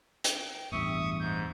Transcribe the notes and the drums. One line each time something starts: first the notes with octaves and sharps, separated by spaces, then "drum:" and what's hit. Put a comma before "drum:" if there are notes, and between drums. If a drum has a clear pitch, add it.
G5, drum: hi-hat
A1 E2 G2 E5 C#6 D#6
G#2 G6